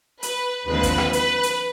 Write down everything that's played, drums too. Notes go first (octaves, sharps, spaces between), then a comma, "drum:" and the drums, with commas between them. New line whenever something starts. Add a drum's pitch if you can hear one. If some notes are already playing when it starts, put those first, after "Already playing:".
B4, drum: hi-hat
D#2 D3 F3 G#3 C4 B4
drum: kick A1, hi-hat
drum: rim click
B4, drum: hi-hat
drum: hi-hat